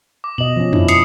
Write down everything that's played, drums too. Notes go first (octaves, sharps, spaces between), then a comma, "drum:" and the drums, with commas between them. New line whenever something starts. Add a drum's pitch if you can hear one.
D6
B2 D#5 F#7
F3 C#4
D4 E4, drum: tom F2
D#6 C7 C#7, drum: hi-hat